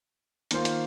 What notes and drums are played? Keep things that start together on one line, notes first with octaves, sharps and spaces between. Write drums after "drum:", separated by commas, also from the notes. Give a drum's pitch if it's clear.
D#3 A#3 F4 C5 F5, drum: hi-hat
drum: hi-hat